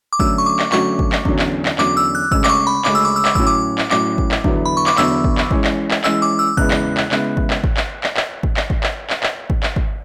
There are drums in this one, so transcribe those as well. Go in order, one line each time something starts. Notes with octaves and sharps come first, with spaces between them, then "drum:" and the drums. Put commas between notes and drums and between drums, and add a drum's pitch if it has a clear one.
D6
D3 F#3 A3 C#4 F#4 E6, drum: kick G#1
C#6
D6
drum: clap
D3 F#3 A3 C#4 F#4 C#6, drum: clap
drum: kick G#1
drum: clap
E2 D3 F#3 C#4, drum: kick G#1
drum: clap
drum: clap
E2 D3 F#3 C#4 D6, drum: clap
E6
F#6
D2 C#3 G#3 C#4 E6, drum: kick G#1
D6, drum: clap
C#6
B5
D2 C#3 G#3 C#4 D6, drum: clap
E6
D6
E6
D6, drum: clap
A2 F#3 C#4 E6, drum: kick G#1
D6
drum: clap
A2 F#3 C#4 D6, drum: clap
drum: kick G#1
drum: clap
E2 D3 F#3 B3 E4, drum: kick G#1
B5
C#6
D6, drum: clap
E2 D3 F#3 B3 E4 E6, drum: clap
drum: kick G#1
drum: clap
E3 G#3 C#4, drum: kick G#1
drum: clap
drum: clap
E3 G#3 C#4 E6, drum: clap
D6
E6
E2 C#3 G#3 B3 E4 F#6, drum: kick G#1
drum: clap
drum: clap
C#3 G#3 B3 E4, drum: clap
drum: kick G#1
drum: clap
drum: kick G#1
drum: clap
drum: clap
drum: clap
drum: kick G#1
drum: clap
drum: kick G#1
drum: clap
drum: clap
drum: clap
drum: kick G#1
drum: clap
drum: kick G#1